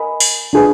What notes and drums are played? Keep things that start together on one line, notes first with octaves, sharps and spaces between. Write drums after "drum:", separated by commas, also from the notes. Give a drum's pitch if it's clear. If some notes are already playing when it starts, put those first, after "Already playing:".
Already playing: A#4 D#5 G#5 B5
drum: open hi-hat
D4 F4 G#4 B4